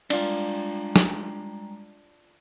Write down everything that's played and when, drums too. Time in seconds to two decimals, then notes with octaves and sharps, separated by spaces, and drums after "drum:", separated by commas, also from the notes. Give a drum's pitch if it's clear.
0.10 G3 G#3 D4 F4 A#5, drum: cymbal
0.96 drum: snare